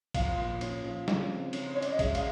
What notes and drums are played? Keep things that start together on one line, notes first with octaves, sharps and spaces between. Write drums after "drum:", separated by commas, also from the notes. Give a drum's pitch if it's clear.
F3 F5, drum: kick A1, cymbal
A#2
C#4, drum: cymbal
F3
C#3, drum: snare
C4
C#4, drum: cymbal
C#4 C#5
D5, drum: cymbal
D#5
G#3 E5, drum: kick A1, cymbal
F5, drum: cymbal